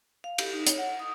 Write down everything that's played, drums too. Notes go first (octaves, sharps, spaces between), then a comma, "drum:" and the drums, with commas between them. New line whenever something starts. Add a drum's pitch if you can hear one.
F5
G4, drum: cymbal
D#4
C#5, drum: hi-hat
F#5
D#6